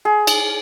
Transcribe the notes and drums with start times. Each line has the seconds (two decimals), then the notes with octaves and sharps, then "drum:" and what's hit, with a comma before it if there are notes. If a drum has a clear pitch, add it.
0.05 G#4
0.27 drum: cymbal